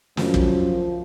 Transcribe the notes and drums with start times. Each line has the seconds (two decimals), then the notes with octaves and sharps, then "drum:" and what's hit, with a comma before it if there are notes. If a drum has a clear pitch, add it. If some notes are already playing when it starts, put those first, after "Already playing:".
0.17 F#2 F3, drum: snare
0.34 drum: kick